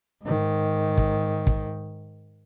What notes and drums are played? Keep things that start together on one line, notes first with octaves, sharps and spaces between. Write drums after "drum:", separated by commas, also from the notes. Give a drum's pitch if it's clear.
G#2 D#3
drum: kick
drum: kick